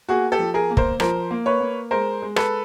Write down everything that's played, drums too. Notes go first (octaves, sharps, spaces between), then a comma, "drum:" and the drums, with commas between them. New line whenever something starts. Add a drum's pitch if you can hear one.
A#3 F#4 G#4
G4 A4
F3
G#4 A#4
A#3
A#4 C5, drum: kick
F3 A#4 C5, drum: rim click
A#3
B4 C#5
A#3
G#3 A#4 C5
G#3
A4 B4, drum: rim click